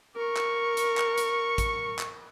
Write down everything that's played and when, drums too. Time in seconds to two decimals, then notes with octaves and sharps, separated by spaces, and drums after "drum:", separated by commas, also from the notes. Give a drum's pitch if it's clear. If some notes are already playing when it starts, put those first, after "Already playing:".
0.16 A#4 C#6
0.37 drum: clap
0.77 drum: hi-hat
0.97 drum: clap
1.18 drum: hi-hat
1.58 drum: kick, hi-hat
1.99 drum: clap